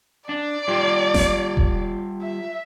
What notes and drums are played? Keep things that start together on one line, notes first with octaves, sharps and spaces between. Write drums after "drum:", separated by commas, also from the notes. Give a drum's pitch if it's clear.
D4 D5
G3 F4 G4
drum: snare F#1
drum: kick E1
E5